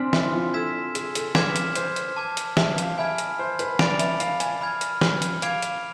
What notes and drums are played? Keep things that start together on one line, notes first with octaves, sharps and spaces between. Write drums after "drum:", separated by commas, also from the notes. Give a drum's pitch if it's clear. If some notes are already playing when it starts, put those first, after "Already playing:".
Already playing: C4 D4 G#5 C6 F6 B6
E4, drum: snare
F4
A4 E6 G#6 B6 E7
G#4, drum: hi-hat
A4, drum: hi-hat
B4 D6 F6 G#6 B6 E7, drum: snare
drum: hi-hat
C5, drum: hi-hat
drum: hi-hat
A5 D6 G#6
drum: hi-hat
E5, drum: snare
F5, drum: hi-hat
E5 G#5 B5 F6 G#6
drum: hi-hat
C5
B4, drum: hi-hat
D5 B5 D6 A6 D7 F7, drum: snare
E5, drum: hi-hat
F5, drum: hi-hat
G#5, drum: hi-hat
B5 F6 G#6
drum: hi-hat
drum: snare
drum: hi-hat
F5 D6 G#6 D7 F7, drum: hi-hat
drum: hi-hat